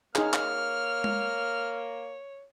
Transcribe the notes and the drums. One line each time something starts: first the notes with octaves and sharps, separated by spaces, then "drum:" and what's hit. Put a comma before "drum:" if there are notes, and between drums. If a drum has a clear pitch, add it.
A#3 D#4 G#4 C#5 F6, drum: clap
drum: clap
drum: tom G#3